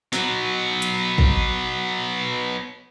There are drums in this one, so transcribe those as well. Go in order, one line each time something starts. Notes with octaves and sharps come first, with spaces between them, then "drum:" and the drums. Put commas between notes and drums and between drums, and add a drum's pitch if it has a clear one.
F#3 B3, drum: snare
drum: hi-hat
drum: kick